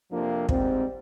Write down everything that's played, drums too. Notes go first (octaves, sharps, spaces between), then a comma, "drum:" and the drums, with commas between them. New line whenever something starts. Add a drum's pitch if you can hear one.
F2 C3 F3 A#3 D4
G#2 G3 C4, drum: kick